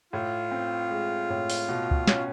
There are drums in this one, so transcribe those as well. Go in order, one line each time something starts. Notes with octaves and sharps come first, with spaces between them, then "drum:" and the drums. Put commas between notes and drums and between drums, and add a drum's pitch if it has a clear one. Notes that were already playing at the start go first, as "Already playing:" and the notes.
A2 F4
C4
G#3
A2
drum: open hi-hat
B2
drum: kick C#2
C#4, drum: snare